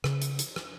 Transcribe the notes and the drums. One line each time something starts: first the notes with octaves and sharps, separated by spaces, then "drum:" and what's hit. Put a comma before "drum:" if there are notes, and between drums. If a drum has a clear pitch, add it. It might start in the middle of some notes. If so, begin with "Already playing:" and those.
C#3, drum: rim click
drum: hi-hat
drum: hi-hat
drum: rim click